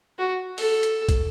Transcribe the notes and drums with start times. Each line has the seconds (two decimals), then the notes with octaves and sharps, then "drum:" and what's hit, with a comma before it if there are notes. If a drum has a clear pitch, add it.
0.19 F#4
0.58 A4, drum: open hi-hat
0.83 drum: hi-hat
1.09 drum: kick, hi-hat